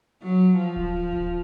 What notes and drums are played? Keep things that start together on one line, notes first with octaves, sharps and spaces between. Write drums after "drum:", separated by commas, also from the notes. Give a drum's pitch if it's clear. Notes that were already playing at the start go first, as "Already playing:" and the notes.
F#3
F3
drum: kick D1
drum: kick D1